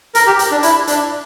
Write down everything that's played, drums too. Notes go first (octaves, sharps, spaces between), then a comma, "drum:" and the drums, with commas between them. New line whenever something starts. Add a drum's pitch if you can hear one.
A#4, drum: hi-hat
G4
drum: hi-hat
D4
E4, drum: hi-hat
D4, drum: hi-hat